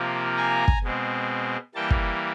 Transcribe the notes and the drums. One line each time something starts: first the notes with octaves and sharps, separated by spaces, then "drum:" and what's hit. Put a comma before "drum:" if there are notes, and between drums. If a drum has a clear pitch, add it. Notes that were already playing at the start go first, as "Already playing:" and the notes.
Already playing: C3 F3 A#3
G#5 A#5
drum: kick
B2 G#3 C4
E3 G3 A#3 G5 A5
drum: kick